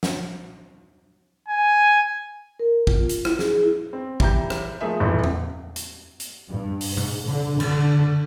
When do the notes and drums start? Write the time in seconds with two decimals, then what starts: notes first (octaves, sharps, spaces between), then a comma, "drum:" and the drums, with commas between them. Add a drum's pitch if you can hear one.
0.03 drum: snare
1.49 G#5
2.60 A#4
2.87 F4, drum: kick
3.09 drum: hi-hat
3.25 E4, drum: rim click
3.39 G#4, drum: snare
3.63 E4
3.93 C4
4.20 E3 G3 A#5 G6, drum: kick
4.50 drum: rim click
4.81 F3 A3 A#3 G#4 E5
5.00 D#1 A1 E3
5.24 drum: tom E2
5.76 drum: hi-hat
6.20 drum: hi-hat
6.49 G2
6.81 drum: open hi-hat
6.97 G#2, drum: tom B2
7.28 D3
7.60 D3, drum: cymbal